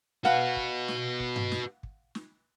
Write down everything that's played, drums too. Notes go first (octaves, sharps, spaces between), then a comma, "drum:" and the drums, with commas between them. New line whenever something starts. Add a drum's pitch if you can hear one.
F#4 B4 F5 F#5, drum: snare
drum: kick
drum: snare
drum: kick
drum: tom G2
drum: snare
drum: kick
drum: snare